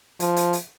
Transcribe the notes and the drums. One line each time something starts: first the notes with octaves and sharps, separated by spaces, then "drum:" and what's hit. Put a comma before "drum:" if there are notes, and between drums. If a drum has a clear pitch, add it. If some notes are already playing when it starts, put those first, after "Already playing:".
F3, drum: hi-hat
drum: hi-hat
drum: hi-hat